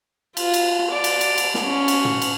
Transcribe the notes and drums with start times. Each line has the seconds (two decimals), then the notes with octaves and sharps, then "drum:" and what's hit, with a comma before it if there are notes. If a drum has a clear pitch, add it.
0.37 F4, drum: cymbal
0.54 drum: cymbal
0.91 D5
1.04 drum: cymbal
1.21 drum: cymbal
1.38 drum: cymbal
1.54 drum: snare
1.63 C#4
1.88 drum: cymbal
2.05 drum: tom
2.22 drum: cymbal